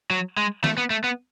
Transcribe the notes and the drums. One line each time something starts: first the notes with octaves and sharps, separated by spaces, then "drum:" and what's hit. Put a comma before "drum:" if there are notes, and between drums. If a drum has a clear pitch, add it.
F#3
G#3
A3, drum: snare
B3
A3
B3